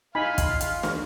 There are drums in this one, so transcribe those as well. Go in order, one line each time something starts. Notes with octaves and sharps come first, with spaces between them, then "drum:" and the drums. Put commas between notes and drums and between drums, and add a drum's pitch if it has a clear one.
D#4 F4 G#5 B5 F6
drum: kick, hi-hat
drum: hi-hat
drum: snare